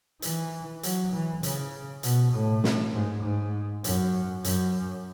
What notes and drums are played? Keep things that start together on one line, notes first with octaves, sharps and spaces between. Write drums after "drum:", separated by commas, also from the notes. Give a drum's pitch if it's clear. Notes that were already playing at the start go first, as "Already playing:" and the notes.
E3, drum: hi-hat
F#3, drum: hi-hat
E3
C#3, drum: hi-hat
B2, drum: hi-hat
A2
drum: snare
G#2
G#2
F#2, drum: hi-hat
F#2, drum: hi-hat